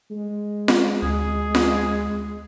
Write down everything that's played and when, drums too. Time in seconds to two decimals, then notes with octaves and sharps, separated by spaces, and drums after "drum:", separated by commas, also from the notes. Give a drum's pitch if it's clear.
0.11 G#3
0.68 drum: snare F4
1.02 D2 G#4
1.55 drum: snare F4